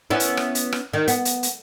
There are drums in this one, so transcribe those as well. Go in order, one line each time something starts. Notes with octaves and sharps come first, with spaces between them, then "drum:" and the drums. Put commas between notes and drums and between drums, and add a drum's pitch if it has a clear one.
B3 C#4 E4
drum: hi-hat
drum: rim click
drum: hi-hat
drum: rim click
D#3
B3, drum: hi-hat
drum: hi-hat
drum: hi-hat